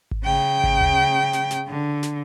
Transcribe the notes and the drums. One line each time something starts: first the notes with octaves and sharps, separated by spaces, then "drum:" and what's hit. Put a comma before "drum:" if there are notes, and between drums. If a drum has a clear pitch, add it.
drum: kick G#1
C#3 G5
drum: kick G#1
drum: tom D2
drum: snare
drum: snare
D3
drum: snare